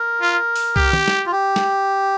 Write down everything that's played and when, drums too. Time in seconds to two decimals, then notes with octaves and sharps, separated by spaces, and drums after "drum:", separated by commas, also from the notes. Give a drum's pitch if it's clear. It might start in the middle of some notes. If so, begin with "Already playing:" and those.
Already playing: A#4
0.21 F4
0.56 drum: open hi-hat
0.76 G4, drum: kick C2
0.93 drum: tom
1.08 drum: snare
1.26 F4
1.32 G4
1.56 drum: snare